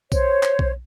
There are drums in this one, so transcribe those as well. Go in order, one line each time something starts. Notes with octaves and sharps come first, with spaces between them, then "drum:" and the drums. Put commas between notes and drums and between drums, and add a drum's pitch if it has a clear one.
C5 C#5, drum: kick B1, tambourine
drum: clap
drum: kick B1